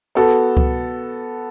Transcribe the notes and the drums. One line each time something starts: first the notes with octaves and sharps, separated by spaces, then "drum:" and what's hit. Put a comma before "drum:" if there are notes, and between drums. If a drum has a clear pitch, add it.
B3 F#4 A4
drum: kick C#2